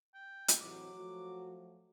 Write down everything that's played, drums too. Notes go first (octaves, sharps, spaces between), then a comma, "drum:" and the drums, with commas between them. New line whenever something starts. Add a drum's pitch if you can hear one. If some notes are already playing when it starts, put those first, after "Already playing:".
G5
drum: hi-hat
A2 C3 E3 F#3 D6
F3 A3 F#4